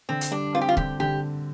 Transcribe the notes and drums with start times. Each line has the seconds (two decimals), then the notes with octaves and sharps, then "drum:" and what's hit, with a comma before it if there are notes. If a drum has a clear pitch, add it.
0.09 D3 C4
0.21 drum: hi-hat
0.31 G3 D4
0.54 C4 F4
0.61 G4
0.69 F4
0.77 D3 G4, drum: kick C#1
1.00 D3 G4